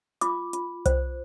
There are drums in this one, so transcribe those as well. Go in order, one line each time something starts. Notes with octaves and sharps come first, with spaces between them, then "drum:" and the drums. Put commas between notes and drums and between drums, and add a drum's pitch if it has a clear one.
F4 D6, drum: hi-hat
F4, drum: hi-hat
C5, drum: kick C2, hi-hat